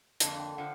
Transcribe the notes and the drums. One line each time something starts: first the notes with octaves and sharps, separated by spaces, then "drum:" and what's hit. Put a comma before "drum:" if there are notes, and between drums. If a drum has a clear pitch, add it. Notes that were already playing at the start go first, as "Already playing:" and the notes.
F2 D3 F3 A#3 A5, drum: hi-hat
G5
D3 F3 F#5